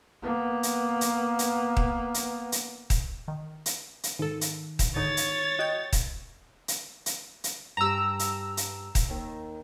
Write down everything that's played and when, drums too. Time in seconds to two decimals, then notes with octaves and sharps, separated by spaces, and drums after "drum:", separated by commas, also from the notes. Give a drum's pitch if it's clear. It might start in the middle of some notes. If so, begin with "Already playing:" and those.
0.22 A#3 B3
0.63 drum: hi-hat
1.01 drum: hi-hat
1.39 drum: hi-hat
1.77 drum: kick D#1
2.14 drum: hi-hat
2.52 drum: hi-hat
2.90 drum: kick D#1, hi-hat
3.28 D#3
3.66 drum: hi-hat
4.03 drum: hi-hat
4.19 G#2 D#3 A4
4.41 drum: hi-hat
4.79 drum: kick D#1, hi-hat
4.96 G#2 D3 D#4 C#5 A6
5.17 drum: hi-hat
5.59 F#4 D#5 G5 G6
5.93 drum: kick D#1, hi-hat
6.68 drum: hi-hat
7.06 drum: hi-hat
7.44 drum: hi-hat
7.77 G2 G4 A#5 E6
8.19 drum: hi-hat
8.57 drum: hi-hat
8.95 drum: kick D#1, hi-hat
9.08 D#2 D#3